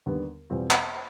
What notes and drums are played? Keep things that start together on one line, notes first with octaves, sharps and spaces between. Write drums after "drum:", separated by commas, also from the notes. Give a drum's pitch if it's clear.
D#2 D3 G3 B3
E2 B2 G3 C4 F4
drum: clap